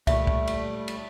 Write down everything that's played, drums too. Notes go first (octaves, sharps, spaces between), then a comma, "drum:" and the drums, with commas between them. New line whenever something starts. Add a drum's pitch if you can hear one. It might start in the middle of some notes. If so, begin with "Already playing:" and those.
D2 A#2 G3 A3 E5 C#6, drum: kick, cymbal
drum: kick
drum: cymbal
drum: cymbal